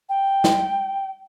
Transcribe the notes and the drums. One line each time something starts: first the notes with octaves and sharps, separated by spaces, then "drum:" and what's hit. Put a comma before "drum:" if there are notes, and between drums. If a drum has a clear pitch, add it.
G5
drum: snare